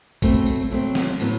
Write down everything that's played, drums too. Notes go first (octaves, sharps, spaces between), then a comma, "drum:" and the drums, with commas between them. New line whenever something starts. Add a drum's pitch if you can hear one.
B2 F#3 A3 C4, drum: kick A1, tambourine
drum: tambourine
B2 F#3 A3 C4
drum: snare
A2 F#3 B3, drum: tambourine